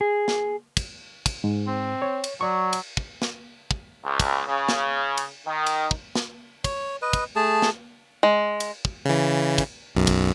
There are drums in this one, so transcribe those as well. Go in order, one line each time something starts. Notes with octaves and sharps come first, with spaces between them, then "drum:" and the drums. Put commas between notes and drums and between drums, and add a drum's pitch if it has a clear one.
G#4
drum: snare
drum: kick, cymbal
drum: kick, cymbal
G#2
C4
C#5
drum: cymbal
F#3 D5 C#6
drum: cymbal
drum: kick
drum: snare
drum: kick
C#2
drum: kick, cymbal
C#3
drum: snare
drum: cymbal
D#3
drum: cymbal
drum: kick
drum: snare
C#5, drum: kick, cymbal
B4 D#5
drum: kick, cymbal
A3 G#4 A5
drum: snare
G#3
drum: cymbal
drum: kick
C#3 E3
drum: kick, cymbal
B1 F#2
drum: kick, cymbal